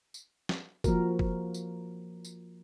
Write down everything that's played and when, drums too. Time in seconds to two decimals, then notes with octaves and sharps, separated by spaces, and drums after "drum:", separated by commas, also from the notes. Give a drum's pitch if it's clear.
0.14 drum: tambourine
0.49 drum: snare
0.84 F3 A#3 F#4 A#4, drum: kick F#1, tambourine
1.19 drum: kick F#1
1.54 drum: tambourine
2.25 drum: tambourine